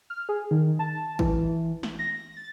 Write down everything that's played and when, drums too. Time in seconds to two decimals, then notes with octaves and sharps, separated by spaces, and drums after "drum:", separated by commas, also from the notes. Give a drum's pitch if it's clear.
0.10 F6
0.29 G#4
0.51 D#3
0.79 A5
1.19 E3, drum: kick
1.83 drum: snare
1.99 A#6
2.37 A6